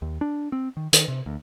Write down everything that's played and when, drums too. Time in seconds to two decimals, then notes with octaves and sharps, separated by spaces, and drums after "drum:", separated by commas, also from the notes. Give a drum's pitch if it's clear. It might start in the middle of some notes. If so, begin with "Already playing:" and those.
0.02 D#2
0.21 D4
0.52 C4
0.77 D#3
0.93 D#3, drum: hi-hat
1.08 C3
1.26 D2